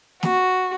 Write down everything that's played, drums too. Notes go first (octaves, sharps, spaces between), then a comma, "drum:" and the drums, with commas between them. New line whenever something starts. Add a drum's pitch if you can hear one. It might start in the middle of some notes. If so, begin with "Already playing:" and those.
F#4, drum: snare